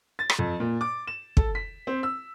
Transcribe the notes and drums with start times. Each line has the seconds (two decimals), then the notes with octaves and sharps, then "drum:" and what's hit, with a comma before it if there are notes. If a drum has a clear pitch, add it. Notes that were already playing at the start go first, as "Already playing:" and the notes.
0.19 A6
0.30 drum: rim click
0.39 F2
0.60 A#2
0.81 D6
1.07 E7
1.37 A4, drum: kick
1.55 B6
1.87 C4
2.03 E6